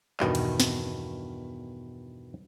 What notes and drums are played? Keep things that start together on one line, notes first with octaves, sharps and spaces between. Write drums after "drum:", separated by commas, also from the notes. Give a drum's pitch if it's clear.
E2 G2 B2 D#3, drum: clap
drum: cymbal
drum: snare